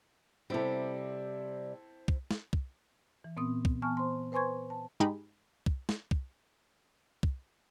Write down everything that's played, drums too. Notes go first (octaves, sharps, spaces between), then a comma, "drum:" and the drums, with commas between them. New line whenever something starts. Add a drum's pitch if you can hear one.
C3 G3 C4 E4 A4
drum: kick
drum: snare
drum: kick
E3
A#2 B3 C4 D#6
drum: kick
E3 B3 G#5 A5 C#6 F6
C5 C6
B4 C5 G#5 C6 C#6 G#6
A5
G#2 G#3 D#4 G4 B5
drum: kick
drum: snare
drum: kick
drum: kick